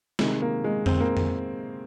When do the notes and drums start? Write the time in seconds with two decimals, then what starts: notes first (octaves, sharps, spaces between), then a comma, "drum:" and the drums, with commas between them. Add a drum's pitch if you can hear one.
0.19 C3 D#3 G#3, drum: snare
0.42 A#3
0.64 G#3
0.86 C4, drum: tom F2
1.01 A#3
1.17 drum: tom F2